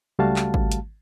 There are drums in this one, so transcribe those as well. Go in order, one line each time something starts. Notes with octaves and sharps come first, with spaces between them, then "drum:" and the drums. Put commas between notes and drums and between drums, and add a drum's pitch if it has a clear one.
C#2 G3 A3 F#4 F5 A5
drum: clap
drum: kick G#1
drum: hi-hat